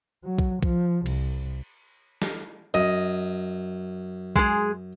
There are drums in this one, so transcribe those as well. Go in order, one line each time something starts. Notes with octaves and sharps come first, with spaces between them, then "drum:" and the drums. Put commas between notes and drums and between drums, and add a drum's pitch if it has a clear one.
F#3
drum: kick B1
F3, drum: kick B1
C2, drum: cymbal
drum: snare
F#2 D#5
G#3 G#4, drum: kick B1